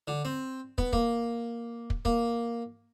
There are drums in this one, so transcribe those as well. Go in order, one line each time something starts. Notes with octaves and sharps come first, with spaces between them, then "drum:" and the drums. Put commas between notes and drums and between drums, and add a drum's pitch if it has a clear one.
D3
C4
B3, drum: kick
A#3, drum: kick
drum: kick
A#3, drum: kick